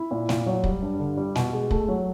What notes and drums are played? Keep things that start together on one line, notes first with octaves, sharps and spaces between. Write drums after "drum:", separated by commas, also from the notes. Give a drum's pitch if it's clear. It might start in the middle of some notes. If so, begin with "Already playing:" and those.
Already playing: E4
A#2
A#2, drum: snare
F#3
G3, drum: kick
G2
D3
G3
B2, drum: snare
G#3
A3, drum: kick
F#3